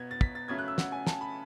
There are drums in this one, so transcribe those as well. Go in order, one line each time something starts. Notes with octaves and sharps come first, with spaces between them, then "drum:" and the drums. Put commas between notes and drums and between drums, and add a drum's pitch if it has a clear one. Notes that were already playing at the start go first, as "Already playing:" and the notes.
Already playing: B2 B3 G#6
A6
B6, drum: kick
A6
C#3 F#3 A3 G#6
F#6
E6
F#5, drum: snare
G#5
A5, drum: snare
B5